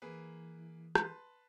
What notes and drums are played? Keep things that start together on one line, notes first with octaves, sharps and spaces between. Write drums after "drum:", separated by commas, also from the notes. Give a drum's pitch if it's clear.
E3 A#3 G#4 B4
B4 A5 C6, drum: rim click